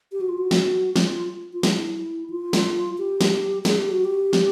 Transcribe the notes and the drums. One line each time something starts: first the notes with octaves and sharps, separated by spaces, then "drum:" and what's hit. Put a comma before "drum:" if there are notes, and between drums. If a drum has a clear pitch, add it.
G4
F#4
F4
F#4
drum: snare
F4, drum: snare
F4
E4, drum: snare
F4
drum: snare
G4
drum: snare
G#4, drum: snare
G4
F#4
G4
drum: snare